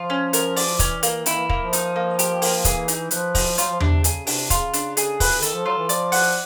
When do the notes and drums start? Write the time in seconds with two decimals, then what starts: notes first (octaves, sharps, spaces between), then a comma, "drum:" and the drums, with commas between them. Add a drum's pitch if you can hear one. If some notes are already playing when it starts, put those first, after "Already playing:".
Already playing: F3 F4
0.10 C#4
0.33 A#4, drum: hi-hat
0.56 D5, drum: open hi-hat
0.79 E3 C#4, drum: kick, hi-hat
1.03 A#3, drum: hi-hat
1.26 D#3 E4, drum: hi-hat
1.37 E3
1.49 A#3, drum: kick
1.61 F3
1.73 D#4, drum: hi-hat
1.96 A#3
2.19 G4, drum: hi-hat
2.42 A#3, drum: open hi-hat
2.65 E3 G#4, drum: kick, hi-hat
2.88 D#4, drum: hi-hat
3.11 F3 B4, drum: hi-hat
3.35 D#4, drum: kick, open hi-hat
3.58 F#3 F4, drum: hi-hat
3.69 F3
3.80 C3 D4, drum: tom E2
3.92 C3
4.04 C#3 G#4, drum: hi-hat
4.27 C3 D4, drum: open hi-hat
4.50 C#3 F4, drum: kick, hi-hat
4.73 D4, drum: hi-hat
4.97 G#4, drum: hi-hat
5.20 B4, drum: kick, open hi-hat
5.42 D#3 A4, drum: hi-hat
5.54 F3
5.66 F#3 F4
5.78 E3
5.89 F3 D5, drum: hi-hat
6.12 F#5, drum: open hi-hat